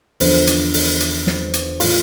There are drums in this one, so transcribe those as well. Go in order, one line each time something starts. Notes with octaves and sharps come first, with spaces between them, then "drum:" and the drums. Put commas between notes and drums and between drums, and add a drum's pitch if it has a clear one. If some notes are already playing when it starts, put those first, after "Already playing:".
E2 D3 F3 C5, drum: open hi-hat
drum: hi-hat
drum: open hi-hat
drum: hi-hat
drum: snare
drum: hi-hat
A2 E3 F4, drum: open hi-hat